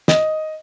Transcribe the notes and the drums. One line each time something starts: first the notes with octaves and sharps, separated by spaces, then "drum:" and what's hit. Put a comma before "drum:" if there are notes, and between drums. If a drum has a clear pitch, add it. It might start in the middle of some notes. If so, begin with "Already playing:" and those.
D#5, drum: snare